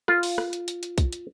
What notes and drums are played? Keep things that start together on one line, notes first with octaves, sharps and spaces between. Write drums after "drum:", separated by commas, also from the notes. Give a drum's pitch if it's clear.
F4, drum: rim click
drum: open hi-hat
drum: rim click
drum: hi-hat
drum: hi-hat
drum: hi-hat
drum: kick, hi-hat
drum: hi-hat